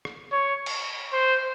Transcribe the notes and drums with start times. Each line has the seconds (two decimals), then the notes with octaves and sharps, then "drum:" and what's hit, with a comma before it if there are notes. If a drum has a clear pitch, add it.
0.05 drum: rim click
0.32 C#5
0.66 drum: cymbal
1.13 C5